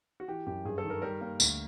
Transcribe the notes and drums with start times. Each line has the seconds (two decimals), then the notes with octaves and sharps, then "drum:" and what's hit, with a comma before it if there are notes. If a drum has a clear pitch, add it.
0.20 F#4
0.28 E3 G4
0.47 F#2 G4
0.65 G2 G#4
0.78 A4
0.84 D#3
0.90 A#4
1.02 G3 A#4
1.21 A#3
1.40 D2, drum: tambourine